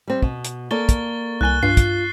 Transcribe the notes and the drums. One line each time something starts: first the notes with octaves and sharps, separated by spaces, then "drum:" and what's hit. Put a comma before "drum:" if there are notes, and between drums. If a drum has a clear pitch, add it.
G3 C4
B2, drum: kick
drum: hi-hat
A#3 A4 D5 C#6 A6 G7
drum: kick, hi-hat
C2 G#5 F#6 A6 G7
G2 F4 C7
drum: kick, hi-hat